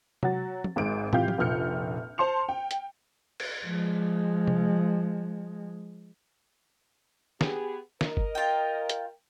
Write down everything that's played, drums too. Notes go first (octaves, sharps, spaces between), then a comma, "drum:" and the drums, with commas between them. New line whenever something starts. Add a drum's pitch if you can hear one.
F#3 F#4 A6, drum: tom C3
drum: tom
G#1 G#2 D7
C3 E3 F4 G4 F5 G6, drum: tom
drum: tom
F1 A#1 F3 F6 G6 C#7
C5 A5 C6 C#7 F7
G5
drum: hi-hat
drum: cymbal
F3 G#3
drum: tom C3
B3 G4 G#4, drum: snare
A#4 D#5, drum: snare
drum: kick G1
F4 G5
drum: hi-hat